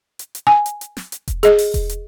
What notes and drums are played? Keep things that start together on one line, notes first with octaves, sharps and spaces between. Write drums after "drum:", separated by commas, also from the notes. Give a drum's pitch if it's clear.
drum: hi-hat
drum: hi-hat
G#5
drum: hi-hat
drum: hi-hat
drum: snare
drum: hi-hat
drum: kick E1, hi-hat
G#4 D#5, drum: hi-hat
drum: open hi-hat
drum: kick E1, hi-hat
drum: hi-hat